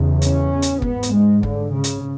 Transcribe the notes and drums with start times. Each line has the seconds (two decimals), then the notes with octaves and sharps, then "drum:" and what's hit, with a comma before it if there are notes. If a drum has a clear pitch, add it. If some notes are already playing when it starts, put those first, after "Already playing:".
Already playing: E2 C#3
0.22 C#4, drum: hi-hat
0.62 drum: hi-hat
0.82 G#2 B3, drum: kick
1.03 drum: hi-hat
1.13 G#3
1.43 D3, drum: kick
1.74 C#3
1.84 drum: hi-hat